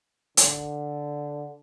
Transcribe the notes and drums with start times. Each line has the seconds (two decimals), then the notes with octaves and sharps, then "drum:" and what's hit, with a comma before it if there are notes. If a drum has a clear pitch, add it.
0.37 D3, drum: hi-hat